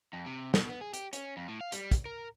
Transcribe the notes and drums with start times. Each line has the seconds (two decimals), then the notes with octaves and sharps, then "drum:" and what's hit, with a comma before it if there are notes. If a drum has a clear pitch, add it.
0.13 F2
0.26 C3
0.54 B2, drum: snare
0.69 B3
0.81 G#4
0.94 G4, drum: hi-hat
1.13 C#4, drum: hi-hat
1.37 F2
1.48 A2
1.61 F5
1.72 G3, drum: hi-hat
1.91 drum: kick, hi-hat
2.05 A#4